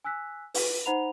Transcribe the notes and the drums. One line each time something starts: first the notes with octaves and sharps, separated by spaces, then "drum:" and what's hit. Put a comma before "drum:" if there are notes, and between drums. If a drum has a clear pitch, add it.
G#5 E6 F#6 B6
B4, drum: open hi-hat
D#4 C5 F#5 A#5 B5 F7